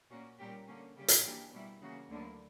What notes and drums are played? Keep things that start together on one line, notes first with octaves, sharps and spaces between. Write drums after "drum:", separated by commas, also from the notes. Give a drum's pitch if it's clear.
A#2 A#3 C#4 F#4
A#2 G3 C#4 G4 A#4
D3 A#3 C#4
C#3 G3 C#4 G4
drum: hi-hat
E3 A#3 D4 G4
B2 G3 A#3 E4
C#3 E3 A#3 C#4 F#4
D2 D3 F#3 A#3 E4